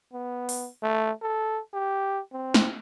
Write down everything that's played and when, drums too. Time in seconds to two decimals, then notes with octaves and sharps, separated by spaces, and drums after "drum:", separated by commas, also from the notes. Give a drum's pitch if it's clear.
0.13 B3
0.49 drum: open hi-hat
0.83 A3
1.22 A4
1.74 G4
2.33 C4
2.54 drum: snare